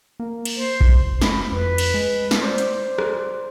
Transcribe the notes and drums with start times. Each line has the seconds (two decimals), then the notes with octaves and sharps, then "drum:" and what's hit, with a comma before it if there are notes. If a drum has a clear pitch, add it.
0.20 A#3
0.45 drum: cymbal
0.56 C5
0.81 F#1, drum: kick A#1
1.22 B5, drum: snare
1.51 F2 B4
1.78 drum: cymbal
1.94 G#3
2.31 drum: snare
2.42 C5 D5
2.58 drum: hi-hat
2.98 drum: rim click